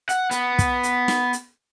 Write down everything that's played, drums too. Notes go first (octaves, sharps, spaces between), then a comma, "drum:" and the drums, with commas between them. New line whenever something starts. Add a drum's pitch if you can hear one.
F#5, drum: hi-hat
B3, drum: hi-hat
drum: kick, hi-hat
drum: hi-hat
drum: snare
drum: hi-hat